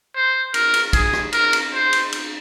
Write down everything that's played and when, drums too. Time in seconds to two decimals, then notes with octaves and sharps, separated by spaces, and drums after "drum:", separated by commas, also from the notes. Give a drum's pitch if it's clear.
0.15 C5
0.54 A#4, drum: cymbal
0.74 drum: cymbal
0.93 G#4, drum: kick, cymbal
1.13 drum: rim click
1.33 A#4, drum: cymbal
1.53 drum: cymbal
1.73 C5
1.93 drum: cymbal
2.12 drum: cymbal